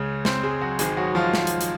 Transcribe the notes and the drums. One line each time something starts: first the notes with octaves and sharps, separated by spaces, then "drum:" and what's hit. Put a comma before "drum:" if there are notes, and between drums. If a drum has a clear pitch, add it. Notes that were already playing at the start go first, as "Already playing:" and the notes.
Already playing: C#2 C#3 C#4
C4 C5, drum: snare
G#3 G#4
F#3 F#4
G#1 G#2 D#3 G#3 G#4, drum: hi-hat
F#3 F#4
F3 F4
drum: snare
drum: hi-hat
drum: hi-hat